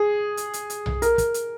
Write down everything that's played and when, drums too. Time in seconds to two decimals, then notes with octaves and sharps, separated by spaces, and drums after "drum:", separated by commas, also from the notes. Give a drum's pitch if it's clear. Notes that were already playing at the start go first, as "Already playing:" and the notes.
Already playing: G#4
0.37 drum: hi-hat
0.54 drum: hi-hat
0.70 drum: hi-hat
0.86 drum: tom B1
1.02 A#4, drum: hi-hat
1.18 drum: kick, hi-hat
1.34 drum: hi-hat